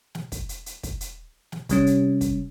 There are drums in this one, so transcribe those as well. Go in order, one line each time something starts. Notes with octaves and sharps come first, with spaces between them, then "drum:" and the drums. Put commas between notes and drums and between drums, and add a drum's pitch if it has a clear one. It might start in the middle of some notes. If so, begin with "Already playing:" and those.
drum: snare
drum: kick, hi-hat
drum: hi-hat
drum: hi-hat
drum: kick, hi-hat
drum: hi-hat
drum: snare
C3 G3 C#4, drum: kick, hi-hat
drum: hi-hat
drum: kick, hi-hat